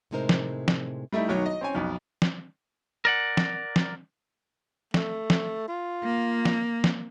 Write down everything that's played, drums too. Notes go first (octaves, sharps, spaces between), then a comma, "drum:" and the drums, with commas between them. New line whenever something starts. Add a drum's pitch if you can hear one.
A2 C3 G#3 D#4 A#4 C5
drum: snare
drum: snare
G3 A3 D#4 E4
B1 D#3 F#3 C#5
D#5
C4 C#4 G#5
B1 F2
drum: snare
A#4 D5 F#5
drum: snare
drum: snare
A3, drum: snare
drum: snare
F4
A#3
drum: snare
drum: snare